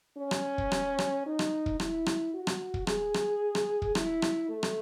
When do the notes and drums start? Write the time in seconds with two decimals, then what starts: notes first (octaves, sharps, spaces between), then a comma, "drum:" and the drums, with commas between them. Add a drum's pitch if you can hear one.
0.17 C#4
0.31 drum: rim click
0.58 drum: kick
0.72 drum: rim click
0.99 drum: rim click
1.26 D#4
1.39 drum: rim click
1.66 drum: kick
1.80 E4, drum: rim click
2.06 drum: rim click
2.34 F#4
2.47 drum: rim click
2.74 drum: kick
2.87 G#4, drum: rim click
3.14 drum: rim click
3.55 drum: rim click
3.82 drum: kick
3.95 E4, drum: rim click
4.22 drum: rim click
4.49 A3
4.63 drum: rim click